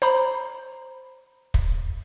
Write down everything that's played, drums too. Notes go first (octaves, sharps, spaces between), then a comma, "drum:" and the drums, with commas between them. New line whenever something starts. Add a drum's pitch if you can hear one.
C5 A#5 B5, drum: hi-hat
drum: kick